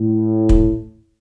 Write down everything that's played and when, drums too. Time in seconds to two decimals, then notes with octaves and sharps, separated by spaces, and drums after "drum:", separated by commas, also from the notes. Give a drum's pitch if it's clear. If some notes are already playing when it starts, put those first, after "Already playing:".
Already playing: A2
0.49 drum: kick